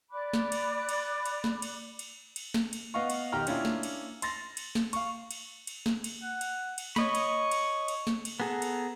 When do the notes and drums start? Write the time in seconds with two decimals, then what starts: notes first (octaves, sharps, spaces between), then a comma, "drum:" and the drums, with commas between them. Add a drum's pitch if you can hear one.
0.10 D5 B5 D6 F#6
0.33 drum: snare
0.52 drum: cymbal
0.89 drum: cymbal
1.26 drum: cymbal
1.44 drum: snare
1.62 drum: cymbal
1.99 drum: cymbal
2.36 drum: cymbal
2.54 drum: snare
2.73 drum: cymbal
2.94 B3 D#5 F5 C#6
3.10 drum: cymbal
3.32 B1 D#3 G4 G5 A#5 F6
3.47 A#3 C#4 D4 E4 F4, drum: cymbal
3.65 drum: snare
3.83 drum: cymbal
4.22 C6 A6 A#6, drum: cymbal
4.57 drum: cymbal
4.75 drum: snare
4.93 F5 C#6, drum: cymbal
5.31 drum: cymbal
5.67 drum: cymbal
5.86 drum: snare
6.04 drum: cymbal
6.23 F#5
6.41 drum: cymbal
6.78 drum: cymbal
6.96 C#5 D#5 B5 C#6, drum: snare
7.15 drum: cymbal
7.52 drum: cymbal
7.88 drum: cymbal
8.07 drum: snare
8.25 drum: cymbal
8.40 B3 G#4 A4 A#5
8.62 drum: cymbal